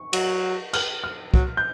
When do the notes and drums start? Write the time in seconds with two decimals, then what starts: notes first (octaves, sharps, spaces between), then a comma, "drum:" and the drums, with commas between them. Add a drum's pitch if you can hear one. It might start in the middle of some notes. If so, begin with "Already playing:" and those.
Already playing: C#6
0.13 F#3, drum: cymbal
0.73 F6, drum: cymbal
1.04 F6
1.34 F#3, drum: kick
1.57 G6